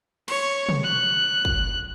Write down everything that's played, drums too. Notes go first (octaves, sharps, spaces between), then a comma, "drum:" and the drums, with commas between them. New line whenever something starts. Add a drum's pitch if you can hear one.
C#5, drum: cymbal
drum: tom
F#6
drum: kick